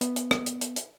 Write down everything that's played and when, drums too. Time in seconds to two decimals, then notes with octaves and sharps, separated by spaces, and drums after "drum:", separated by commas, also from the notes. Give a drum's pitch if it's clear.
0.01 B3, drum: hi-hat
0.16 drum: hi-hat
0.31 drum: rim click
0.46 drum: hi-hat
0.61 drum: hi-hat
0.76 drum: hi-hat